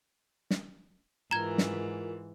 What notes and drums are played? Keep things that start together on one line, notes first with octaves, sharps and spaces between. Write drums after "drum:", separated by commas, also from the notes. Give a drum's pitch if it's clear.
drum: snare
G#2 E3 F4 A#4 A#5 G#6
drum: snare